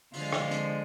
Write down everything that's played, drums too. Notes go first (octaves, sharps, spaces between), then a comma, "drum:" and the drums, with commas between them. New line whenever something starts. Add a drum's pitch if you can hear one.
D3 F3 G#3 F4, drum: open hi-hat
drum: rim click
drum: hi-hat